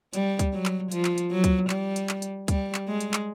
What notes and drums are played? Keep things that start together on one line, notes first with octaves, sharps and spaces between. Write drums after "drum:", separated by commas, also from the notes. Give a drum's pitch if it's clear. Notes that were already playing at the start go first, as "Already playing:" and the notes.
G3, drum: hi-hat
drum: kick C#2, hi-hat
F#3
drum: clap
F3, drum: hi-hat
drum: clap
drum: hi-hat
F#3
drum: kick C#2, hi-hat
G3, drum: clap
drum: hi-hat
drum: clap
drum: hi-hat
G3, drum: kick C#2, hi-hat
drum: clap
G#3
drum: hi-hat
drum: clap